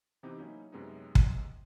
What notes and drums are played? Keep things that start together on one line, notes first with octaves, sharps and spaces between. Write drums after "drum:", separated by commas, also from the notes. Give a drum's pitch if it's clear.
C3 E3 B3 C4 D#4 G4
F#3 A#3 C#4 D#4 E4
F#2 C3 G#3 B3 C#4 D#4
drum: kick